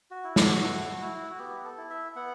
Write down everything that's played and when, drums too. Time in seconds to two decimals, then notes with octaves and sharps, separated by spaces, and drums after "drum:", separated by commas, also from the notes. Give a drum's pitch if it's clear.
0.11 F#4
0.24 E4
0.36 F#4, drum: snare
0.62 A3
1.01 E4
1.30 F#4
1.38 B3 G4
1.65 A4
1.78 E4
1.90 E5
2.16 B3 F#5